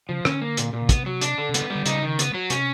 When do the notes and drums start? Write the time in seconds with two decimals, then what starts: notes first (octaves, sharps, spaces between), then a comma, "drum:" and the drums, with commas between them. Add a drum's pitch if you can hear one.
0.09 C#3 F3
0.25 D3 C#4, drum: rim click
0.42 A#3
0.57 A#2, drum: hi-hat
0.73 A#2
0.82 C#3
0.89 C3 B3, drum: kick, hi-hat
1.06 F#3
1.21 D4, drum: hi-hat
1.38 D3
1.49 C3
1.54 C#3 B3, drum: hi-hat
1.70 G3
1.75 D3
1.86 C#3 D#4, drum: hi-hat
2.03 D#3
2.19 B3, drum: hi-hat
2.34 F#3
2.50 C3 C#4, drum: hi-hat